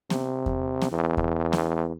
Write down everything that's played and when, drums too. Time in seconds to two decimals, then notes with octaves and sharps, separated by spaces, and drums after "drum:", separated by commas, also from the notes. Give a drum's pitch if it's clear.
0.10 C3, drum: snare B3
0.46 drum: kick E2
0.82 drum: snare B3
0.92 E2
1.17 drum: kick E2
1.53 drum: snare B3